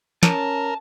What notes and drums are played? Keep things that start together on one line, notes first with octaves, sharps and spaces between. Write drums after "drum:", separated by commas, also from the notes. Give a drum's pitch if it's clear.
C#4 A#4 A5, drum: snare